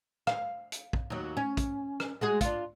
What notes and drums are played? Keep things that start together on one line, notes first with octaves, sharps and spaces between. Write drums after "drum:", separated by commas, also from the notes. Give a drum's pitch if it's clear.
F5, drum: rim click
drum: hi-hat
drum: kick
D#2 F#3
C#4
drum: kick, hi-hat
drum: rim click
G#3 F#4 G#4
D4 F4, drum: kick, hi-hat